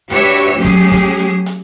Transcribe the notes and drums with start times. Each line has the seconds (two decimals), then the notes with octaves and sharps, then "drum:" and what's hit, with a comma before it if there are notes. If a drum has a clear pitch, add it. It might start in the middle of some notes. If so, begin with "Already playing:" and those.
0.10 D4 F#4 G4 B4 C#5 E5, drum: hi-hat
0.37 drum: hi-hat
0.55 F#3 A3 C#4 G4 G#4
0.65 drum: kick, hi-hat
0.92 drum: kick, hi-hat
1.19 drum: hi-hat
1.46 drum: hi-hat